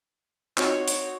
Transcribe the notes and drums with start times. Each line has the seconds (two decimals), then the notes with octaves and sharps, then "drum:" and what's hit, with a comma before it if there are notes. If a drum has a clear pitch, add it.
0.57 C4 D#4 F#4 C#5, drum: clap
0.88 drum: hi-hat